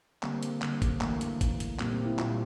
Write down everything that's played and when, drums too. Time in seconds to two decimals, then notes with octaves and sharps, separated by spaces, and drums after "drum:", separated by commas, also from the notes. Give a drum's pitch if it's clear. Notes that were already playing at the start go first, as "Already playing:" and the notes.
0.23 D3 G3 A#3 C4, drum: clap
0.43 drum: hi-hat
0.62 D3 G3 A#3, drum: clap
0.82 drum: kick G#1, hi-hat
1.01 E3 A3 A#3, drum: clap
1.21 drum: hi-hat
1.41 E3 A3, drum: kick G#1, hi-hat
1.60 drum: hi-hat
1.79 A#2 G3 A#3 C4, drum: clap
1.93 C4
2.06 E4
2.19 A#2 G3 A#3 F4, drum: clap